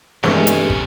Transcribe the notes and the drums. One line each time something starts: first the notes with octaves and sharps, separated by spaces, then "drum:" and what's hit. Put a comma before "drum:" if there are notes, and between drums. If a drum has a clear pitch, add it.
E2 G2 C3 G#3 A3 C4 C#4, drum: snare
drum: hi-hat
drum: kick